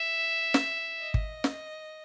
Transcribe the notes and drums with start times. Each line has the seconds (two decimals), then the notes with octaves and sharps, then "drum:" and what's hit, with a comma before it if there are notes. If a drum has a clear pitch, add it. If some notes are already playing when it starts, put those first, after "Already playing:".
Already playing: E5
0.54 drum: snare
0.99 D#5
1.14 drum: kick
1.44 drum: snare